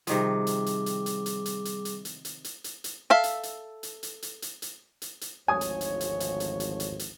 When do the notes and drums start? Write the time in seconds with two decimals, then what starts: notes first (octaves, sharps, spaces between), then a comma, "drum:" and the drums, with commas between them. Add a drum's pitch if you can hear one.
0.07 C3 D#3 F3 G3 G#4 D6, drum: hi-hat
0.47 drum: hi-hat
0.66 drum: hi-hat
0.86 drum: hi-hat
1.06 drum: hi-hat
1.26 drum: hi-hat
1.46 drum: hi-hat
1.65 drum: hi-hat
1.85 drum: hi-hat
2.05 drum: hi-hat
2.25 drum: hi-hat
2.44 drum: hi-hat
2.64 drum: hi-hat
2.84 drum: hi-hat
3.10 A4 E5 F5
3.24 drum: hi-hat
3.43 drum: hi-hat
3.83 drum: hi-hat
4.03 drum: hi-hat
4.22 drum: hi-hat
4.42 drum: hi-hat
4.62 drum: hi-hat
5.02 drum: hi-hat
5.21 drum: hi-hat
5.48 G#1 D2 F3 C#5 G#5 D#6
5.61 drum: hi-hat
5.81 drum: hi-hat
6.01 drum: hi-hat
6.20 drum: hi-hat
6.40 drum: hi-hat
6.60 drum: hi-hat
6.80 drum: hi-hat
6.99 drum: hi-hat